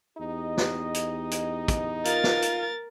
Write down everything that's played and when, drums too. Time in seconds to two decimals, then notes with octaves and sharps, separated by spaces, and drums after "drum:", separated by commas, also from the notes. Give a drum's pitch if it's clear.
0.18 E2 D#4 G4 D#5
0.58 drum: snare
0.94 drum: hi-hat
1.31 drum: hi-hat
1.68 drum: kick, hi-hat
2.05 F4 A#4 A6, drum: hi-hat
2.24 drum: snare
2.42 drum: hi-hat